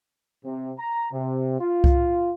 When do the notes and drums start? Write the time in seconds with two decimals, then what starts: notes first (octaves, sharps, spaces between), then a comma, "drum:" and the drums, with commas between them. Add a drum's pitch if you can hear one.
0.44 C3
0.78 A#5
1.13 C3
1.60 F4
1.84 drum: kick C2